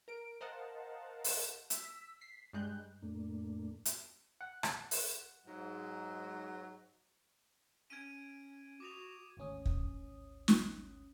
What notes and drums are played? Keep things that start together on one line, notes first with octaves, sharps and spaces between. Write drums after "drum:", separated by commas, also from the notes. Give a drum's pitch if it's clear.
A#4 D7
A#4 C5 D#5 F5 F#5 A5
drum: open hi-hat
E6 B6, drum: hi-hat
B6 C7
G2 G3 G#3 F#6 G6
F2 A2 A3 A#3 D4
drum: hi-hat
F#5
drum: rim click
drum: open hi-hat
G#2 F#3
C#4 G#6 D7 D#7
F#4 D6 D#6 F7
G#1 D2 C#4 D#6
drum: kick
drum: snare